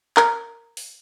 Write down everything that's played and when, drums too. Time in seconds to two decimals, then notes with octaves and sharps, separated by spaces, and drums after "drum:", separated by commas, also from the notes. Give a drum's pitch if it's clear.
0.17 A#4, drum: clap
0.77 drum: open hi-hat